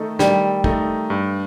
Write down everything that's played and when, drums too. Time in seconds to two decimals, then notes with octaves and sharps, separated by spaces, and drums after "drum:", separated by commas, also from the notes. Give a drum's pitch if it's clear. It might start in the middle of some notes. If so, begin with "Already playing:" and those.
Already playing: D#3 A3 D#4 A4 D#5
0.19 D#3 G3, drum: snare
0.64 A3 D#4 A4 D#5, drum: kick
1.10 G2